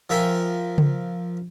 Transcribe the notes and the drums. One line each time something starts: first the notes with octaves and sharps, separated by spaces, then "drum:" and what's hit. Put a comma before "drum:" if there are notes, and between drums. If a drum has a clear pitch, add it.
F3 A#4 E5 G5 G#5
drum: tom C#3